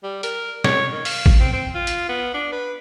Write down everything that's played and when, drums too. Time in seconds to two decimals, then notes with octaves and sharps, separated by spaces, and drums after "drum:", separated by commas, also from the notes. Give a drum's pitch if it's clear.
0.03 G3
0.23 A#4, drum: hi-hat
0.64 C#5, drum: snare
0.92 D#3
1.05 F5, drum: open hi-hat
1.26 drum: kick
1.40 C4
1.53 C4
1.75 F4
1.87 drum: hi-hat
2.09 B3
2.34 D4
2.52 B4